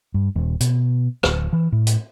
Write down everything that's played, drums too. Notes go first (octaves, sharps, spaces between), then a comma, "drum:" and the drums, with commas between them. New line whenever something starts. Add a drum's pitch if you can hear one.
G2
D#1
B2, drum: hi-hat
D1, drum: rim click
E3
A2
drum: hi-hat